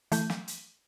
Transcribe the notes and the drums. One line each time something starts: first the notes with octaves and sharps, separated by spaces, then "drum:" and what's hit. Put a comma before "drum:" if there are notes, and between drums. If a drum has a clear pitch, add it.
E3 A3 G6, drum: hi-hat
drum: snare
drum: hi-hat